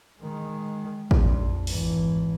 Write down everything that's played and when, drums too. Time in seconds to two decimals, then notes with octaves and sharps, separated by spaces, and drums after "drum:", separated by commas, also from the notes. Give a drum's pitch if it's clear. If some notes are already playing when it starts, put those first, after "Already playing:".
0.21 D#3 G#3
1.11 A#1 F2, drum: kick
1.67 G#1 E3, drum: open hi-hat